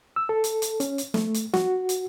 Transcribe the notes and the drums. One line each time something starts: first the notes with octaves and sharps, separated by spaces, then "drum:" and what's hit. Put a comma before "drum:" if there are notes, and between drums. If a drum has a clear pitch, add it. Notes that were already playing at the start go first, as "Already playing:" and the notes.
E6
A4
drum: hi-hat
drum: hi-hat
C#4, drum: hi-hat
drum: hi-hat
A3, drum: snare
drum: hi-hat
F#4, drum: snare
drum: hi-hat